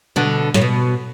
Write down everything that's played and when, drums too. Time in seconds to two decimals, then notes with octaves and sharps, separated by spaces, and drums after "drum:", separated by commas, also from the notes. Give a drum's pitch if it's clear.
0.16 B2 D3
0.54 A2, drum: snare
0.61 B2